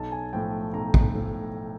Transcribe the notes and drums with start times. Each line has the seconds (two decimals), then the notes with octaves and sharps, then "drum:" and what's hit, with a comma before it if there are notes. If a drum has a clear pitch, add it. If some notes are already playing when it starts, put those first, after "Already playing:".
Already playing: B1 A5
0.12 G#5
0.33 A2 F3 G5
0.74 B1 A#5
0.94 drum: kick
1.15 A2 F3